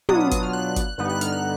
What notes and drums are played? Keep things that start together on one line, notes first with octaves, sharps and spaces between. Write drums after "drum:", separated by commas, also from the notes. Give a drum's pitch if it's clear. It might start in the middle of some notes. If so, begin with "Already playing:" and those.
B2 F#3 B3 D4 F4 D#6, drum: tom
D#6
D#6, drum: kick, hi-hat
F6
F#6
drum: kick, hi-hat
G2 D3 G3 B3 D#4 F#6
F#6
F6, drum: hi-hat
F#6